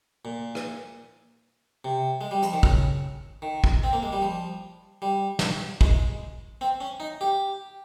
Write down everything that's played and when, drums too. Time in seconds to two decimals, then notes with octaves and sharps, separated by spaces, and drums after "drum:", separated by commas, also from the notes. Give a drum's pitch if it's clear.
0.25 A#2
0.55 drum: rim click
1.85 C3
2.21 G#3
2.31 G3
2.42 F3, drum: hi-hat
2.53 D#3
2.63 C#3, drum: kick
3.42 D#3
3.64 drum: kick
3.84 C4
3.93 A#3
4.03 G#3
4.12 G3
4.22 F3
5.02 G3
5.39 drum: snare
5.81 G#3, drum: kick
6.61 C4
6.81 C#4
7.00 D#4
7.21 G4